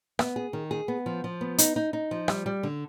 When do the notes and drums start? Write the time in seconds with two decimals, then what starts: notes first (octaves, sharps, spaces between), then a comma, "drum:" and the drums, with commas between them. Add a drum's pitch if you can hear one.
0.19 B3, drum: rim click
0.36 G#4
0.53 D#3
0.71 G#4
0.88 B3
1.06 F3
1.24 F3
1.41 B3
1.58 D#4, drum: hi-hat
1.76 D#4
1.93 D#4
2.11 F3
2.28 G3, drum: rim click
2.46 G3
2.63 D3